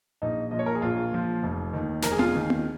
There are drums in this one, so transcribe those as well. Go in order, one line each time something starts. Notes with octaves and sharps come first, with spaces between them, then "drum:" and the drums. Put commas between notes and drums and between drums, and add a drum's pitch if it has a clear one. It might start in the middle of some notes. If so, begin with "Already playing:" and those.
A#1 D#4
A#2 F3 D#5
C#5
A#4
G#4
A#1 F4
A#2 F3
F1
D#2 D#3
F1 A#4, drum: snare
G#4
F4, drum: tom B3
G#4
D#2 D#3
drum: tom B3